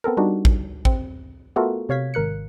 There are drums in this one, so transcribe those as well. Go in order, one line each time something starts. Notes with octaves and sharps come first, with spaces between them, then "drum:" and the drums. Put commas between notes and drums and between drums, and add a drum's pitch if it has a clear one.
B3 C4 A4 A#4
G3 D4 D#4 F#4
drum: kick A1
C4, drum: kick A1
A3 B3 F4 F#4 A4 A#4
C3 C#5 F5 G#6 B6
G#1 A#4 F#6 C#7